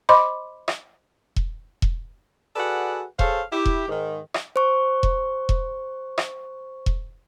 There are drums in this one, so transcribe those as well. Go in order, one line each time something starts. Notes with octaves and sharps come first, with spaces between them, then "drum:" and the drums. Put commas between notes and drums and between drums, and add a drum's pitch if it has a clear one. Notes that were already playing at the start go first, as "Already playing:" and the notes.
C5 D#5 B5 C6 D6
drum: rim click
drum: kick E1
drum: kick E1
F#4 G#4 A4 B4 D5 F#5
G#4 A4 C5 C#5 F5, drum: kick E1
E4 G4
drum: kick E1
G#2 D#3
drum: rim click
C5 C#6
drum: kick E1
drum: kick E1
drum: rim click
drum: kick E1